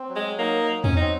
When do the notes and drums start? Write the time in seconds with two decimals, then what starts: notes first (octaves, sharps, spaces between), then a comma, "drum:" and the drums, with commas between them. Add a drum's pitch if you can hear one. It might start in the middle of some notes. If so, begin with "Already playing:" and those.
Already playing: C4
0.09 F#3
0.16 G#3
0.39 A#3 D#4
0.69 F#3
0.84 C#4, drum: tom E2
0.97 C4 D#4